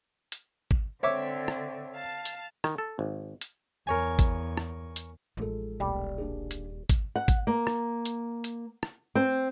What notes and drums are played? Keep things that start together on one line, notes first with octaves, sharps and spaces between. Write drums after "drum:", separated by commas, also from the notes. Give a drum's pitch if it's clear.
drum: hi-hat
drum: kick G#1
D3 C4 C#5 E5 D6
drum: rim click
F5 A5
drum: hi-hat
D#3, drum: rim click
A4
G#1
drum: hi-hat
E2 A#4 C#5 G#5
drum: kick G#1, hi-hat
drum: rim click
drum: hi-hat
A1 F3 G#3 D#4 A4
D#1 B1 G3
A#3 D4 G#4
drum: hi-hat
drum: kick G#1, hi-hat
F#5
drum: kick G#1, hi-hat
A#3
drum: rim click
drum: hi-hat
drum: hi-hat
drum: rim click
C4